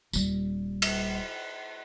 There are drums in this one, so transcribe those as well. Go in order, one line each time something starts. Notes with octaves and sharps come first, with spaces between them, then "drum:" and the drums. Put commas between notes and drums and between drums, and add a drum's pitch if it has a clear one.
D#1 G3, drum: tambourine
drum: cymbal